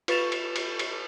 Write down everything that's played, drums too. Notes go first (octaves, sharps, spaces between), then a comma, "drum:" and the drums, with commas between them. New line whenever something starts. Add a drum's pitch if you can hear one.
F4 B4 C#6 A6 E7 F7, drum: cymbal
drum: cymbal
drum: cymbal
drum: cymbal